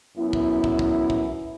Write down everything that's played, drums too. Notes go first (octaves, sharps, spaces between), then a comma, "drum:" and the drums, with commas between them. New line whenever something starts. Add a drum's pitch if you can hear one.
F#2 B3 E4
drum: kick
drum: kick
drum: kick
drum: kick